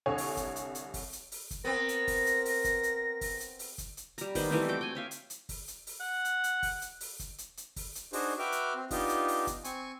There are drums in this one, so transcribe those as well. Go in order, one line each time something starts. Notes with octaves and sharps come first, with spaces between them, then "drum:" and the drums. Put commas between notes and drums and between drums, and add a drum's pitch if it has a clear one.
C2 D3 C#5 G#5
drum: open hi-hat
drum: kick, hi-hat
drum: hi-hat
drum: hi-hat
drum: kick, open hi-hat
drum: hi-hat
drum: open hi-hat
drum: kick, hi-hat
B3 C4 A#4 A#6
drum: hi-hat
drum: kick, open hi-hat
drum: hi-hat
drum: open hi-hat
drum: kick, hi-hat
drum: hi-hat
drum: kick, open hi-hat
drum: hi-hat
drum: open hi-hat
drum: kick, hi-hat
drum: hi-hat
G3 A#5, drum: hi-hat
D#3 B3 C5 B5, drum: kick, open hi-hat
E3 G3 A3 C4
F#4 G5 D6
G5 G#5
C#5 E5 F5
drum: hi-hat
drum: hi-hat
drum: kick, open hi-hat
drum: hi-hat
drum: open hi-hat
F#5
drum: hi-hat
drum: hi-hat
drum: kick, open hi-hat
drum: hi-hat
drum: open hi-hat
drum: kick, hi-hat
drum: hi-hat
drum: hi-hat
drum: kick, open hi-hat
drum: hi-hat
D4 D#4 F#4 G#4 C5, drum: open hi-hat
F#4 B4 E5 G5 D6 F6
drum: hi-hat
C4
B3 D4 D#4 F4 G4, drum: kick, open hi-hat
drum: hi-hat
drum: open hi-hat
drum: kick, hi-hat
C4 G#5 C#6, drum: hi-hat